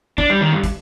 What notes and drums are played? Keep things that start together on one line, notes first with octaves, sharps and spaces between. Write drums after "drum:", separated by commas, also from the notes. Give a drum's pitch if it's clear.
D4, drum: kick
G3
D#3
G2
drum: kick, hi-hat